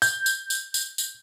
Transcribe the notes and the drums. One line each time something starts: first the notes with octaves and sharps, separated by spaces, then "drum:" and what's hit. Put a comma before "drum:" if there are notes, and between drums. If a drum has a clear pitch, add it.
G6, drum: tambourine
drum: tambourine
drum: tambourine
drum: tambourine
drum: tambourine